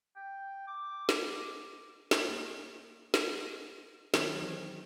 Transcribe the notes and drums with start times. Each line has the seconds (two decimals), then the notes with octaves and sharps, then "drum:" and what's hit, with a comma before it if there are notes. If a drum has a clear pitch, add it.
0.16 G5
0.67 D6
1.09 drum: snare
2.11 drum: snare
2.29 A#3
3.14 drum: snare
4.14 D#3 F#3 B3 C4 D#4 C#5, drum: snare
4.42 E3 C4